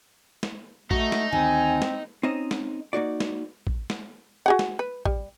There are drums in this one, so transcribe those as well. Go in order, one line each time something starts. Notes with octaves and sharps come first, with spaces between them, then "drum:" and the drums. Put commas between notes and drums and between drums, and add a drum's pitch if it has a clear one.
drum: snare
A3 D#4 F#4, drum: kick
drum: snare
D2 D#3 C4 G#5
drum: snare
C4 C#4 D#4 C5 D#5
drum: snare
A#3 D#4 F#4 D5
drum: snare
drum: kick
drum: snare
F#4 G#4 F#5
drum: snare
B4
G3, drum: kick